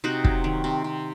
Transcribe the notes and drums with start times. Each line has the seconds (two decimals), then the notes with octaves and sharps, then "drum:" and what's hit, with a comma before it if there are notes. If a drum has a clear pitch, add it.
0.04 C3 D#4 F#4
0.24 F#3, drum: kick
0.44 D#3
0.64 C3
0.84 C3